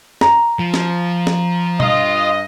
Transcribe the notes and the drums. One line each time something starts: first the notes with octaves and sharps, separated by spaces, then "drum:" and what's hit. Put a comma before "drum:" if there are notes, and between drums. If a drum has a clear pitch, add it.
A#5, drum: snare
F3
drum: snare
drum: snare
G2 D#5 F5 C6, drum: tom B2